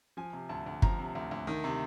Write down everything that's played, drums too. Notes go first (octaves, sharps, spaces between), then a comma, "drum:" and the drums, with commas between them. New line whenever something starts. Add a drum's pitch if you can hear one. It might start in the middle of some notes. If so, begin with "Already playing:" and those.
F3 G#5
C3
D2 A5
D2
F3 A#5, drum: kick G1
C3
D2
D2
D#3
C3